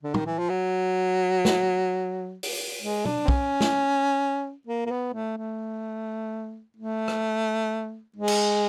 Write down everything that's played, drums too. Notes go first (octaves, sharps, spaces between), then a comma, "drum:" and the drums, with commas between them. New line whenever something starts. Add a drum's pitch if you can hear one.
D3
D#3, drum: tom
E3
F3
F#3
drum: snare
drum: open hi-hat
G#3
D4, drum: tom
C4
C#4, drum: kick
drum: snare
A#3
A#3
B3
A3
A3
A3
drum: rim click
G#3
drum: cymbal